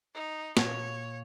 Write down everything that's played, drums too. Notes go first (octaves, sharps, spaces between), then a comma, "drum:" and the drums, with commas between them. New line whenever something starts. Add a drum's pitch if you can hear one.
D#4
A#2 C#5, drum: snare